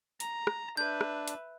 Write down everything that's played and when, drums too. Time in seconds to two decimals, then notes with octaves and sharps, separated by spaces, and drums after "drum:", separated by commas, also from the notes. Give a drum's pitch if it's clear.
0.20 A#5, drum: hi-hat
0.47 drum: rim click
0.77 D4 B4 E5 G6
1.01 drum: rim click
1.28 drum: hi-hat